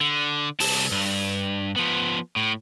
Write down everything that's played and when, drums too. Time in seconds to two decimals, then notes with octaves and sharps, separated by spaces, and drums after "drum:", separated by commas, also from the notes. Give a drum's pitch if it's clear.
0.01 D3
0.60 C2 A5, drum: open hi-hat
0.92 G2
1.76 F3 B3
2.36 A2